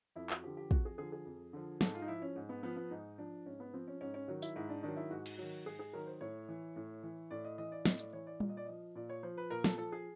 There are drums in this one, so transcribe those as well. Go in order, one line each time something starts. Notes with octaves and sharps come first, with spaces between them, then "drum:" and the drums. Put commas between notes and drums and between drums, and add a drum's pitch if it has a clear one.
F2 E4
F#4, drum: clap
D3 F3 G4
G4
F2 F#4, drum: kick
G#4
D3 F3 G#4
G#4
F2
D3 F3
G#2 A4, drum: snare
F4
D#4
F3 E4
C#4
G#2
B3
F3 B3
B3
G#2 D#4
F3 D4
G#2 C#4
B3
F3 C4
C#4
G#2 C#4
C#4
D#3 F#3 F#4
E4, drum: tambourine
G#2 E4
D4
D#3 F#3 D4
E4
G#2 F#4
drum: cymbal
D#3 F#3
G#2 G#4
G#4
D#3 F#3 A#4
C5
A2 C#5
E3
A2
E3
A2 D5
D#5
E3 D#5
D5
A2 D#5, drum: snare
D5, drum: hi-hat
E3 C#5
D5
A#2, drum: tom G3
D#5
D5
F3 D#5
A#2 D5
C#5
F3 C5
B4
A#2 A#4
A4, drum: snare
F3 A4
G#4